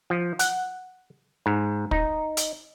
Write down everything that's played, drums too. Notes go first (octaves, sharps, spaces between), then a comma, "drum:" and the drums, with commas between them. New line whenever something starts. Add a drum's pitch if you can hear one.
F3
F#5, drum: hi-hat
G#2
D#4, drum: kick
drum: hi-hat